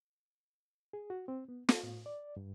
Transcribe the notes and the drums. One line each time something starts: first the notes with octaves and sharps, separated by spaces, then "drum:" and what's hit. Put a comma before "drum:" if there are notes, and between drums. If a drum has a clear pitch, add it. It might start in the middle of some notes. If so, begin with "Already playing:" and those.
G#4
F#4
C4
B3
A4, drum: snare
A2
D5
G2